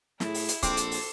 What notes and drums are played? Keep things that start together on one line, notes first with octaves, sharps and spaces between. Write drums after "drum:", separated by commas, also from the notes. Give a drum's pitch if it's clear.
A2 E4 G#4, drum: snare
drum: open hi-hat
drum: hi-hat
A#1 C4 A4 D6, drum: kick C#1, hi-hat
drum: hi-hat
drum: open hi-hat